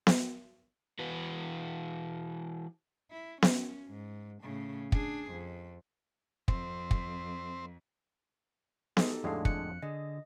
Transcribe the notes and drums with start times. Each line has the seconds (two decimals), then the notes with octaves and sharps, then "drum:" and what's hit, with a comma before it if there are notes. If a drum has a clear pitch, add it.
0.07 drum: snare B3
0.99 E3 F#4 B4
3.11 E4
3.42 C#4, drum: snare B3
3.88 G#2
4.43 A2 C#3
4.92 D4 G#4, drum: kick
5.32 F2
6.48 F2 C4, drum: kick
6.91 drum: kick
8.97 G#3 D#4 G4 A4, drum: snare B3
9.24 F2 A2 D3 G#3 D4 F5
9.45 F#6 C#7, drum: kick
9.82 D3 G#4 D#5